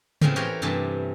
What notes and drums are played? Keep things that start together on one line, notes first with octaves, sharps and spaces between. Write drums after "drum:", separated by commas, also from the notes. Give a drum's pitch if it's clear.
A2 C#3 F3 G#3 B3 C4, drum: tom C#3
E3 G4 A#4 C#5 C6
G2 C3 E3 A3 A5